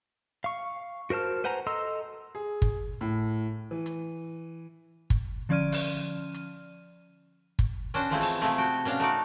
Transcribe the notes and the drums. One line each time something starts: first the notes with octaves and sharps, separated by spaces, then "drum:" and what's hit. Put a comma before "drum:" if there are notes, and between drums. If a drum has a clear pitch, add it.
F5 C#6
F#4 A#4 C5 A5 F6
B4 C5 F#5 G#5 A#5
A4 D#5 A#5 C6 E6
G#4
drum: kick, hi-hat
A2
E3
drum: hi-hat
drum: kick, hi-hat
D3 F3 C#4 D5 F6 D#7
drum: open hi-hat
drum: hi-hat
drum: kick, hi-hat
C#4 D4 F#4 C5
E3 F3 G#3 A3 C4 E4
drum: open hi-hat
C3 F3 A3 E4 G#4
F#4 G5
B2 C#4 D4 F5, drum: hi-hat
A3 D#4 F#4 D5